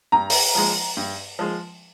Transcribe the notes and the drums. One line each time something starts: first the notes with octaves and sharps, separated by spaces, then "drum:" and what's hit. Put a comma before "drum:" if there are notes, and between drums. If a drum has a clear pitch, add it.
G2 A#5
drum: open hi-hat
F3 G#3
G2
F3 G#3